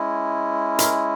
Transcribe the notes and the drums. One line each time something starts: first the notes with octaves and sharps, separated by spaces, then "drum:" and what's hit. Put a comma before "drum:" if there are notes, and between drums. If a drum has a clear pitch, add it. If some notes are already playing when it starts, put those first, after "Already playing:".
Already playing: G#3 C#4 E4
A#4, drum: hi-hat